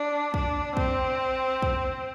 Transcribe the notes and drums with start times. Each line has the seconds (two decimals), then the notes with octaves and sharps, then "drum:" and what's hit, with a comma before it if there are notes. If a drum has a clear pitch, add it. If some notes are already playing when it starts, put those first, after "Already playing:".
Already playing: D4
0.34 D4, drum: kick
0.77 C4, drum: kick
1.62 drum: kick